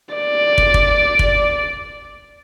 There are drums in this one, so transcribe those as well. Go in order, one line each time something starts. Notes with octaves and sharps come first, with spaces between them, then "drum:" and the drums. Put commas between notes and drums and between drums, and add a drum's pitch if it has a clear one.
D5
drum: kick
drum: kick
drum: kick